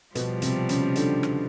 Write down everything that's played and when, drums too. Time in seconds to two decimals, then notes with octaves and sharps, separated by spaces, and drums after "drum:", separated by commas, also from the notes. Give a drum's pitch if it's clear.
0.15 B2 F3 G3 B3, drum: hi-hat
0.42 C3 C4, drum: hi-hat
0.69 C#3 C#4, drum: hi-hat
0.96 D3 D4, drum: hi-hat
1.23 drum: rim click